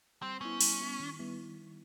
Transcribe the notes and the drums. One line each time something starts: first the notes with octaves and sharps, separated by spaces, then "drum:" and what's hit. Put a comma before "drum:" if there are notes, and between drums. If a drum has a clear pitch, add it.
G3 C4
B3 C#4 E4
G3, drum: open hi-hat
B3 E4
D#3
G3 B3 E4